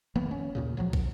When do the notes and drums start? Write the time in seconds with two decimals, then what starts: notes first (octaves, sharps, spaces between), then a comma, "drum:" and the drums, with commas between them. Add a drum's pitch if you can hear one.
0.15 F1 D#3 A#3 B3
0.31 C#4
0.55 D#2 A#2 C#3
0.77 C#2 F3 F#3
0.93 drum: kick